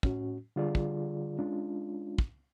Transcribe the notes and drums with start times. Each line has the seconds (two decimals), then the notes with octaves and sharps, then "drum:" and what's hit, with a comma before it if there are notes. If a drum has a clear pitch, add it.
0.03 A2 C#4 F#4, drum: kick
0.56 D3 G3 F4 G#4 D5
0.75 drum: kick
1.39 G#3 C#4 D4 F4
2.18 drum: kick